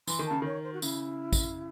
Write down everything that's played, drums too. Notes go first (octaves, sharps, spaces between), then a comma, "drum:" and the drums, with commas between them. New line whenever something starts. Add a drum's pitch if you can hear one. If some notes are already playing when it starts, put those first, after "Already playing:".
E3 C6, drum: tambourine
D#3
C#3 A5
D#3 C#5
C5
F#4
C#3 E4, drum: tambourine
drum: kick, tambourine